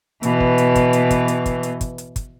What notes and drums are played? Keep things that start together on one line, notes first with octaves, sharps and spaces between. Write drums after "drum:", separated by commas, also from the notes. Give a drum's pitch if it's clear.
B2 E3, drum: hi-hat
drum: kick
drum: hi-hat
drum: kick, hi-hat
drum: hi-hat
drum: kick, hi-hat
drum: hi-hat
drum: kick, hi-hat
drum: hi-hat
drum: kick, hi-hat
drum: hi-hat
drum: kick, hi-hat